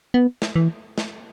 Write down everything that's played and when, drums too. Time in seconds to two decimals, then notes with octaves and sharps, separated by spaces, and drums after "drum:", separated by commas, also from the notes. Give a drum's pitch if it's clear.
0.14 B3
0.42 drum: snare
0.56 E3
0.98 drum: snare